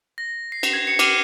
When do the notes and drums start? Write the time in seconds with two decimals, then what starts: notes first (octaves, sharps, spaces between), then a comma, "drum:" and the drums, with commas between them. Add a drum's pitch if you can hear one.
0.18 A#6
0.52 C7
0.63 drum: cymbal
0.73 G#6
0.87 C#7
0.99 D6 F6 D#7 G7, drum: cymbal